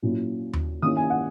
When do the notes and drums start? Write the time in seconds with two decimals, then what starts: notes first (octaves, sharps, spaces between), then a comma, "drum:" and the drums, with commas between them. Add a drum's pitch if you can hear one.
0.02 A#2 F#3 C#4 E4
0.53 drum: tom D#2
0.82 D#3 A#3 C#4 E4 D#6
0.97 G#5
1.10 F#5